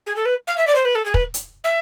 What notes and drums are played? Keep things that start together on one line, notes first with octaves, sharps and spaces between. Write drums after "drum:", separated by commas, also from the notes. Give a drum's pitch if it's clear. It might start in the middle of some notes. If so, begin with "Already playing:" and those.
G#4
A4
B4
F5
E5
D5
C5
B4
A4
G#4
B4, drum: kick
drum: hi-hat
E5